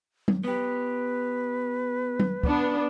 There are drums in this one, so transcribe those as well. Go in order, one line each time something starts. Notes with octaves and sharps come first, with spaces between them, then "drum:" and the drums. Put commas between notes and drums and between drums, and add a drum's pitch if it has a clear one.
drum: tom F#3
B3 G4 B4
drum: tom F#3
B3 D4, drum: kick